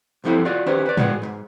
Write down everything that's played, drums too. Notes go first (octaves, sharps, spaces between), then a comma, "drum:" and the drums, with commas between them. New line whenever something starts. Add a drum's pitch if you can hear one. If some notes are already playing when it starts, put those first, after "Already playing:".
C2 G2 F3 C4 E4 A4
F4 F#4 D5
D#3 C#4 G4 B4 C5
B4 D5
G3 G#3 B3 F#4 G#4, drum: tom
D#2 G#2